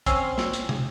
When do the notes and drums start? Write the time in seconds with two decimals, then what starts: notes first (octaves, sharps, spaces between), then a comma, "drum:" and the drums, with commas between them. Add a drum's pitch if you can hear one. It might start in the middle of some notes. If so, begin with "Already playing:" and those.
0.06 C4 C#4 E6, drum: kick, hi-hat
0.38 drum: snare
0.53 drum: hi-hat
0.69 drum: tom